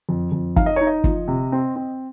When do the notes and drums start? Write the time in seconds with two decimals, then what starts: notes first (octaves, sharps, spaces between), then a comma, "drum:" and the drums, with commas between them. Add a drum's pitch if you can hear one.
0.09 F2
0.32 F2
0.56 D#4 F5, drum: kick
0.66 D#5
0.76 D#4 C#5
0.87 D#5
1.04 F3, drum: kick
1.28 C3
1.52 C4
1.76 C4